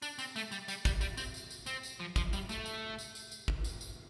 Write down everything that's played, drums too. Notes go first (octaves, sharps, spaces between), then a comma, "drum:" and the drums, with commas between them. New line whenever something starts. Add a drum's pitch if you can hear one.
D4, drum: tambourine
C4, drum: tambourine
A3, drum: tambourine
G3, drum: tambourine
G3, drum: tambourine
G3, drum: kick, tambourine
G3, drum: tambourine
C4, drum: tambourine
drum: tambourine
drum: tambourine
C4, drum: tambourine
drum: tambourine
F3
F3, drum: kick, tambourine
G3, drum: tambourine
A3, drum: tambourine
drum: tambourine
drum: tambourine
drum: tambourine
drum: tambourine
drum: kick
drum: tambourine
drum: tambourine